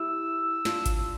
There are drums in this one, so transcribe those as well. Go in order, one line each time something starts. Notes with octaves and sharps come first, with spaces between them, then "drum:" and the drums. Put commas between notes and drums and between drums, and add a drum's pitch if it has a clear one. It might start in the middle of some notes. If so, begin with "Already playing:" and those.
Already playing: E4 G4 E6
D4 F4, drum: snare
drum: kick G#1, hi-hat